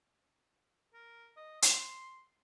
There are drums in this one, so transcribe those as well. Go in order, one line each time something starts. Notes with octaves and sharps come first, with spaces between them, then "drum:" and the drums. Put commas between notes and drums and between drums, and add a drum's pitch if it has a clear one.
A#4
D#5
C6, drum: hi-hat